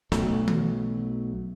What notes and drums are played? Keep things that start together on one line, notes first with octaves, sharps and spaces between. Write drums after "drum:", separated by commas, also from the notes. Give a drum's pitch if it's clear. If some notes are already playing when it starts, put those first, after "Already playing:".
B1 F#3 A3, drum: snare
drum: tom D#3